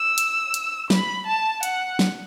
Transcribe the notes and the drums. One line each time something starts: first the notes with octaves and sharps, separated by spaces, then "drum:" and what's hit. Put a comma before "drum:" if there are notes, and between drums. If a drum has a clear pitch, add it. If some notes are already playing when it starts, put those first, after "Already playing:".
Already playing: E6
drum: hi-hat
drum: hi-hat
B5, drum: snare
A5
F#5, drum: hi-hat
drum: snare